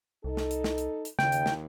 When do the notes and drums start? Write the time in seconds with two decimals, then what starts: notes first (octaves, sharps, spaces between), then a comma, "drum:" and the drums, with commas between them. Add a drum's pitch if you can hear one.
0.24 C2 D#4 A4
0.37 drum: snare
0.51 drum: hi-hat
0.64 drum: snare
0.78 drum: hi-hat
1.05 drum: hi-hat
1.19 D#2 C#3 G5, drum: snare
1.32 drum: hi-hat
1.46 drum: snare